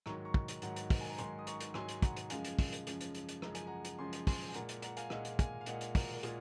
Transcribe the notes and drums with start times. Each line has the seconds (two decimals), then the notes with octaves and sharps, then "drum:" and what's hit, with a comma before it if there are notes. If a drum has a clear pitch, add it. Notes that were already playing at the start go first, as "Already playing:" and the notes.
0.06 G#2 D#3 F#3 A#5 C#6, drum: rim click
0.25 A#5 C#6
0.34 drum: kick
0.48 drum: hi-hat
0.62 G#2 D#3 F#3 F#5 A#5, drum: hi-hat
0.76 drum: hi-hat
0.90 drum: kick, open hi-hat
1.01 G#5
1.09 A#5
1.18 G#2 D#3 F#3 G#5 C6, drum: hi-hat
1.39 D#6
1.47 A#5 C#6, drum: hi-hat
1.60 drum: hi-hat
1.74 G#2 D#3 F#3 G#5 C6, drum: rim click
1.88 drum: hi-hat
2.02 F#5 A#5, drum: kick, hi-hat
2.17 drum: hi-hat
2.30 F#2 C#3 F3 G#3 F5 G#5, drum: hi-hat
2.45 drum: hi-hat
2.59 drum: kick, open hi-hat
2.73 drum: hi-hat
2.87 F#2 C#3 F3 G#3, drum: hi-hat
3.01 drum: hi-hat
3.15 drum: hi-hat
3.29 drum: hi-hat
3.42 F#2 C#3 F3 G#3 A#5, drum: rim click
3.55 G#5, drum: hi-hat
3.67 F#5 A#5
3.85 drum: hi-hat
3.98 F#2 C#3 F3 G#3 G#5 C6
4.13 drum: hi-hat
4.27 G#5 C6, drum: kick, open hi-hat
4.49 G#5
4.54 A#2 G#3 F#5 A#5, drum: hi-hat
4.69 drum: hi-hat
4.82 F#5 A#5, drum: hi-hat
4.97 F5 G#5, drum: hi-hat
5.10 A#2 G#3 D#5 F#5, drum: rim click
5.25 drum: hi-hat
5.39 F5 G#5, drum: kick, hi-hat
5.61 F5
5.66 A#2 G#3 D#5 F#5, drum: hi-hat
5.81 drum: hi-hat
5.95 F#4 A#4, drum: kick, open hi-hat
6.14 A#4
6.23 A#2 G#3 F4 G#4, drum: hi-hat